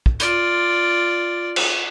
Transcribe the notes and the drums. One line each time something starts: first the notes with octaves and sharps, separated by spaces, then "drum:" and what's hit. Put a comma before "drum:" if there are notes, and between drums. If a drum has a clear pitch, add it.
drum: kick
F4 D5, drum: hi-hat
drum: cymbal